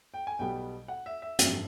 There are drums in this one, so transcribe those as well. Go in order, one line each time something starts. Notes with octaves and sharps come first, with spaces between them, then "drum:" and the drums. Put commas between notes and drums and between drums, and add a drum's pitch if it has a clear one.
G5
G#5
B1 B2 G3 B3 G5
F#5
E5
E5
G#1 F#2 D3 F3 A#3 E5, drum: hi-hat